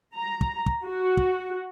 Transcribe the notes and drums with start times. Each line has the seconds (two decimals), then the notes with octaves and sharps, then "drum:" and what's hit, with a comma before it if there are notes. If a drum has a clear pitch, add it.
0.15 A#5
0.41 drum: kick
0.66 drum: kick
0.86 F#4
1.17 drum: kick